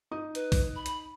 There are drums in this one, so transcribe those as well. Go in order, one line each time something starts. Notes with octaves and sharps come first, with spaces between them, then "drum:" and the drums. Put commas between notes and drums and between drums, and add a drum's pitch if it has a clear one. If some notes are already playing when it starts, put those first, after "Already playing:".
D#4 D#6
B4, drum: hi-hat
drum: kick, open hi-hat
B5
drum: hi-hat